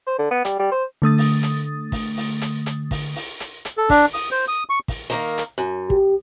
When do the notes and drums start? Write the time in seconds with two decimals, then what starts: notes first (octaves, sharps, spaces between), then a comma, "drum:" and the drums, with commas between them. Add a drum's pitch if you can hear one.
0.07 C5
0.18 D3
0.31 B3
0.45 G3, drum: hi-hat
0.59 G3
0.72 C5
1.02 D3 A3 D#6 A6
1.18 drum: open hi-hat
1.43 drum: hi-hat
1.92 drum: kick, open hi-hat
2.17 drum: open hi-hat
2.41 drum: hi-hat
2.66 drum: hi-hat
2.91 drum: kick, open hi-hat
3.16 drum: open hi-hat
3.40 drum: hi-hat
3.65 drum: hi-hat
3.78 A4
3.90 D4, drum: kick, open hi-hat
4.14 D#6, drum: open hi-hat
4.31 C5
4.48 D#6
4.70 C#6
4.88 drum: kick, open hi-hat
5.10 D#3 A#3 A#4
5.38 drum: hi-hat
5.58 F#2
5.90 G4, drum: kick